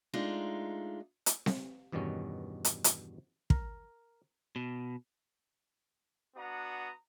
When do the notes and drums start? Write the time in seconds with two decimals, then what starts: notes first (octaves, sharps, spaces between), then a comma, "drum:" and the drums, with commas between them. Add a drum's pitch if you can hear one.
0.14 G#3 A3 D4 D#4 F4
1.26 drum: hi-hat
1.46 drum: snare C4
1.92 E2 G2 B2 D#3 C#4
2.65 drum: hi-hat
2.84 drum: hi-hat
3.50 A#4, drum: kick
4.56 B2
6.36 B3 D4 F#4 F#5 A#5 D#6